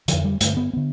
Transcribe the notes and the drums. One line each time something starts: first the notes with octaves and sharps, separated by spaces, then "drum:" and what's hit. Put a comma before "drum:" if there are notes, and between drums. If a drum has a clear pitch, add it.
F2 D3 F3, drum: hi-hat
G3
G2 D3 A3, drum: hi-hat
B3
D3 B3